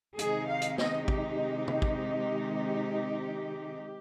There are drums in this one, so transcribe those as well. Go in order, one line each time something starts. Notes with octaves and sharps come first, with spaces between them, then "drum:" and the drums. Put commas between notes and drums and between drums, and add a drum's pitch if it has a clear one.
C3 D#3 G#3 D#4 G#4, drum: hi-hat
F5
drum: hi-hat
D#5, drum: snare
G4, drum: kick
drum: tom
drum: kick